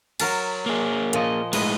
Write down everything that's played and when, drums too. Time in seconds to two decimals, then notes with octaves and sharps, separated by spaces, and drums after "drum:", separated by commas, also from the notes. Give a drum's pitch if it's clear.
0.20 F#3 A#4 A5, drum: cymbal
0.66 A#3 G#4
1.13 A#2 F3 D#5, drum: hi-hat
1.53 A2 G#3 B4 D#5, drum: cymbal